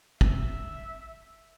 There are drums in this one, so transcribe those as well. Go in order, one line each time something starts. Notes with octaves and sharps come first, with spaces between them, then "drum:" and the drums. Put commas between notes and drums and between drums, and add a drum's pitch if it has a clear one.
E5, drum: kick